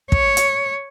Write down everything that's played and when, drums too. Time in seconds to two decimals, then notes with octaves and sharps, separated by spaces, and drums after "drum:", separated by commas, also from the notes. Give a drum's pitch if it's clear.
0.12 C#5, drum: kick
0.37 drum: hi-hat